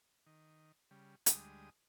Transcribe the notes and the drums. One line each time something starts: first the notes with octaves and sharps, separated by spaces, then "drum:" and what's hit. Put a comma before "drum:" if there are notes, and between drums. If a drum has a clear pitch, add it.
D#3
C#3 G3
D2 G3 G#3 D#6, drum: hi-hat